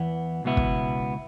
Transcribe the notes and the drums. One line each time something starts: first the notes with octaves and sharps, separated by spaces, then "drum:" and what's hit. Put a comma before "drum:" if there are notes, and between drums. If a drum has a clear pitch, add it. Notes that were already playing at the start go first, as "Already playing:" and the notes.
Already playing: E2 E3 B3
C#2 B2 B3 E4
drum: kick